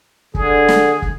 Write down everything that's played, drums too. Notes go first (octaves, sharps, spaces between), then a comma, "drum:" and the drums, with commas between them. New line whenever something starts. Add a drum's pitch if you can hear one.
D3 G#4, drum: kick
drum: snare
drum: kick